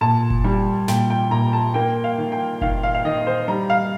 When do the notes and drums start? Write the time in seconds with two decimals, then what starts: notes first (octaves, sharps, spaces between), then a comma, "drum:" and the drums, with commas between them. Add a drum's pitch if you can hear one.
0.01 A#2 A5
0.30 drum: kick F#1
0.44 G3
0.88 A#2 G5, drum: snare
1.10 G5
1.31 A#2 A#5
1.53 A5
1.74 A#3 G5
2.04 F5
2.18 D#3
2.32 G5
2.61 D#3 F5, drum: kick F#1
2.83 F5
2.95 F5
3.05 D#3 D#5
3.27 C5
3.48 G3 A#5
3.70 F5